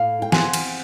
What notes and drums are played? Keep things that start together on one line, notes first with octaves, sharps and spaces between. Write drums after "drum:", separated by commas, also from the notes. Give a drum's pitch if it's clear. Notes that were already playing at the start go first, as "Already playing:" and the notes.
Already playing: A2 F5
G5
C4 F#5 G#5, drum: snare
drum: cymbal